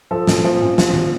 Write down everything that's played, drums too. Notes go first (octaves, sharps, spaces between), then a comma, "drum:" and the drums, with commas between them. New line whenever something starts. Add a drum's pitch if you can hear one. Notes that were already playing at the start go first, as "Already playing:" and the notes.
F3 A4
A#2, drum: snare
F3
A#2
F3, drum: snare
A#2, drum: tom D#3